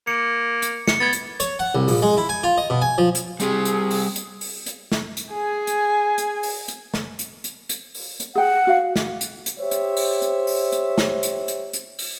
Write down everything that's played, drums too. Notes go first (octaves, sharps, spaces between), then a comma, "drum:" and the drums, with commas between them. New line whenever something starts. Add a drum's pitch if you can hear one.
A#3 C#7
drum: hi-hat
C#7, drum: snare
B3 G#6 A6
drum: hi-hat
C#5, drum: hi-hat
F#5
C2
A#1, drum: open hi-hat
G#3
E4
G#5
F4
D#5
B2
G#5
F3
drum: hi-hat
G3 C4 G4 G#4, drum: hi-hat
drum: hi-hat
drum: open hi-hat
drum: hi-hat
drum: open hi-hat
drum: hi-hat
drum: snare
drum: hi-hat
G#4 G#5
drum: hi-hat
drum: hi-hat
drum: open hi-hat
drum: hi-hat
drum: snare
drum: hi-hat
drum: hi-hat
drum: hi-hat
drum: open hi-hat
drum: hi-hat
G#4 F#5 G5
F#4 F5
drum: snare
drum: hi-hat
drum: hi-hat
G4 C5 C#5 E5
drum: hi-hat
drum: open hi-hat
drum: hi-hat
drum: open hi-hat
drum: hi-hat
drum: snare
drum: hi-hat
drum: hi-hat
drum: hi-hat
drum: open hi-hat